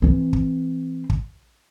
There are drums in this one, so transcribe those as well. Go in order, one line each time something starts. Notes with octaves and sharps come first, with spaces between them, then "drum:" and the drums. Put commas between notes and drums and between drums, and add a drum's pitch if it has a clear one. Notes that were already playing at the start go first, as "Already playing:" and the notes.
E3 C4
drum: kick
drum: kick